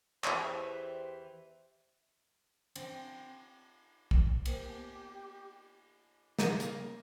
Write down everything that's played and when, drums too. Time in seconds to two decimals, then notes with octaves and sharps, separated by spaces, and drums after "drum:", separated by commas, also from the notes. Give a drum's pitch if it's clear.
0.24 E2 E3 E4 G4 C5 E5, drum: clap
2.76 C4, drum: cymbal
4.11 drum: kick
4.46 A#3 G4 A#4 C5, drum: cymbal
4.70 B3
6.39 C#3 G3 A#4 A#5, drum: snare
6.60 A#3, drum: hi-hat